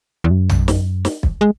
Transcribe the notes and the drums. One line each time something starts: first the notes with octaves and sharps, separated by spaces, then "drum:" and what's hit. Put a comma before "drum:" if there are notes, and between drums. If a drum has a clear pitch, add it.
E2
F#2
drum: tom A#1
drum: snare
drum: snare
drum: kick
G#3